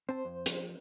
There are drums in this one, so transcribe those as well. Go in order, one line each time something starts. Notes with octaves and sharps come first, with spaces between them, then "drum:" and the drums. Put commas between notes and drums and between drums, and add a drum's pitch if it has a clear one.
C4 C5 A5
F2
F3, drum: hi-hat